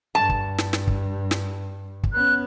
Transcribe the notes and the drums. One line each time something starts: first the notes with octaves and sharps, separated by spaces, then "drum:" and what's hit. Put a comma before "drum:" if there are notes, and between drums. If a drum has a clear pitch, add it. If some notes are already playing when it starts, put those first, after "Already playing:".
G2 A5
drum: kick
drum: snare
drum: snare
drum: kick
drum: snare
drum: kick
B3 C#4 F#6